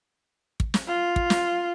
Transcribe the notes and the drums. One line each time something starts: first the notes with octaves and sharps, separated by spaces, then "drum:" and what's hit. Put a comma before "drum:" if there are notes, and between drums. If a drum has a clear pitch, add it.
drum: kick
drum: snare
F4
drum: kick
drum: snare